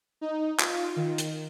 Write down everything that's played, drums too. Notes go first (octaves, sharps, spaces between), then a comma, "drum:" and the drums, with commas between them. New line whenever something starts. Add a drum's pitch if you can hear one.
D#4
F4, drum: clap
D#3
drum: hi-hat